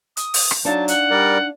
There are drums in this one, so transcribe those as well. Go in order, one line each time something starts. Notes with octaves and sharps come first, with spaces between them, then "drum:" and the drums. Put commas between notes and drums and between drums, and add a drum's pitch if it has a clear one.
D#6, drum: hi-hat
drum: open hi-hat
drum: rim click
F#3 D4 D#4 F5 A5
F#5, drum: hi-hat
G3 A#4 D5